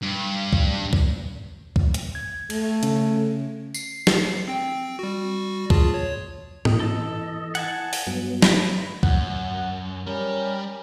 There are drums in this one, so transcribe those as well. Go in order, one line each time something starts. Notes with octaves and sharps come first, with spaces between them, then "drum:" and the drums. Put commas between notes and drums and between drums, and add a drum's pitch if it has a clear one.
G2
drum: kick C2
drum: kick C2
drum: kick C2
drum: hi-hat
G#6
A3, drum: cymbal
C#3 C#4, drum: hi-hat
C7, drum: tambourine
drum: snare
C4 G5
G3 F#4
F4 G#4 A5, drum: kick C2
C#5
E3 D#5, drum: tom G#2
A4
F#5 G#5 A5, drum: hi-hat
drum: open hi-hat
G2 F#3 B3
B4 A#5, drum: snare
F#2 F#5, drum: kick C2
G3 C#4 A#4